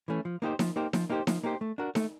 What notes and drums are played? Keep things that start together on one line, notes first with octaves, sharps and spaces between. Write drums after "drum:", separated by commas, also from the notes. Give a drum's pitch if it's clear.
E3 A3 C#4
F3
A#3 D#4 G4 C5
F3, drum: snare D#4
A#3 D#4 G4 C5
F3, drum: snare D#4
A#3 D#4 G4 C5
F3, drum: snare D#4
A#3 D#4 G4 C5
A3
D4 F#4 A#4
A3, drum: snare D#4